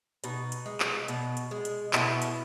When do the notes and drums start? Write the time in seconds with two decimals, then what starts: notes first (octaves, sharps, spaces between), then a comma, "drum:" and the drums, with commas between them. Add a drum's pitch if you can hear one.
0.24 B2 D#4, drum: hi-hat
0.52 drum: hi-hat
0.66 G#3
0.80 drum: clap
1.08 B2, drum: hi-hat
1.37 drum: hi-hat
1.51 G#3
1.65 drum: hi-hat
1.93 B2 E4, drum: clap
2.22 drum: hi-hat